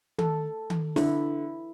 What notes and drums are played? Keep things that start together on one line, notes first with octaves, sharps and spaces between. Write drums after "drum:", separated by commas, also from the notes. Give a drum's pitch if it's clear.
A4, drum: tom D#3
drum: tom D#3
D3 E4, drum: snare